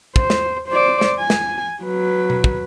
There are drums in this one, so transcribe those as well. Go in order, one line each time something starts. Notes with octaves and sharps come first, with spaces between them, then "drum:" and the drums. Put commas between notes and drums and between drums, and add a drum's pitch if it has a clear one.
C5, drum: kick
drum: snare
C5 D5
drum: snare
G#5
drum: snare
F#3 B4
drum: tom B2
drum: kick